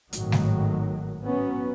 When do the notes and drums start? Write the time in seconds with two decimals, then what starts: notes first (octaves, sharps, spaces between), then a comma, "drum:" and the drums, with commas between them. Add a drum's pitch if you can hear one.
0.13 G#1 A2 D#3 F#3, drum: hi-hat
0.32 drum: snare
1.22 F#3 B3 C#4